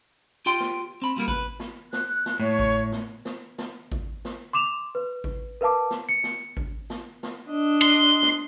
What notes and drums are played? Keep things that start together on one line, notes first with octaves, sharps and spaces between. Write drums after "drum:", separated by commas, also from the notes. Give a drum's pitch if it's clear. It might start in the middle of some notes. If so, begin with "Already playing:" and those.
F4 G4 G5 C6
drum: snare
C4 B5
A#2 G3 A#3 B3
B4, drum: kick G#1
drum: snare
F#6, drum: snare
drum: snare
A2 C#5
drum: kick G#1
drum: snare
drum: snare
drum: snare
drum: kick G#1
drum: snare
C6 D6 E7 F7
B4
drum: kick G#1
A#4 B4 F5 A5 D6
drum: snare
C#7
drum: snare
drum: kick G#1
drum: snare
drum: snare
D4 D#5
C6
drum: snare